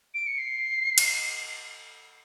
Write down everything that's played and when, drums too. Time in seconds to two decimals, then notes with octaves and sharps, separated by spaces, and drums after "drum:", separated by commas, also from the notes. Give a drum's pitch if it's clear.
0.14 D7
0.27 C#7
0.38 C7
0.98 drum: cymbal